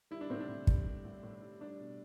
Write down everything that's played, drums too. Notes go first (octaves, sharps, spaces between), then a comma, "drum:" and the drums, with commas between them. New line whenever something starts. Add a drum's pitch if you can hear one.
G3 E4
D4
A2 C4
D4
A2
G3, drum: kick
G3
A2
A2
G3
G3 D4
B2